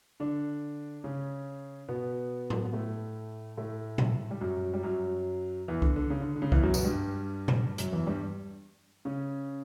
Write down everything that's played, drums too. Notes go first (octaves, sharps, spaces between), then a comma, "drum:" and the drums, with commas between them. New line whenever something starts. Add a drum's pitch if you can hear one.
D3 D4
C#3 C#4
B2 B3
drum: tom A2
B3
A2 A3
A2 A3
drum: tom A#2
G3
F#2 F#3
G3
F#2 F#3
E2 E3
D3, drum: kick C2
D3
C#3
D3
D3
C#3
E2 E3, drum: kick C2
F#2 F#3
B2 B3, drum: tambourine
G2 G3
drum: tom A#2
F#2 F#3, drum: hi-hat
E2 E3
G2 G3
C#3 C#4